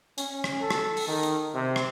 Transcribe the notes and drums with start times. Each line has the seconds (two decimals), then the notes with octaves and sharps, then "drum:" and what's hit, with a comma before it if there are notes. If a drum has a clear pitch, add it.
0.18 C#4, drum: hi-hat
0.44 drum: rim click
0.61 A4
0.70 drum: rim click
0.97 drum: open hi-hat
1.08 D#3
1.23 drum: hi-hat
1.54 C3
1.76 drum: rim click